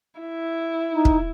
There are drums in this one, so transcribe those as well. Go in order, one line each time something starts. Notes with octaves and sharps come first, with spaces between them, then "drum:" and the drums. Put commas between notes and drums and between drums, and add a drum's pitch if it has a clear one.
E4
D#4
drum: kick